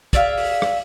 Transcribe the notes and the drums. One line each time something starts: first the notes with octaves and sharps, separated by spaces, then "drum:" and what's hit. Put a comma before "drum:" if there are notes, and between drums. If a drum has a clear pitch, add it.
G#4 D5 E5 F5, drum: kick, hi-hat
drum: open hi-hat
drum: rim click